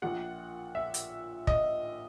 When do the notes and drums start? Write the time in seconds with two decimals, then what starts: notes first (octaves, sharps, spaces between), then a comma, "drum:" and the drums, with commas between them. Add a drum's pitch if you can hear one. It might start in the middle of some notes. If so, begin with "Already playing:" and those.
0.02 A#1 A#2 F#5
0.75 E5
0.94 drum: hi-hat
1.47 D#5, drum: kick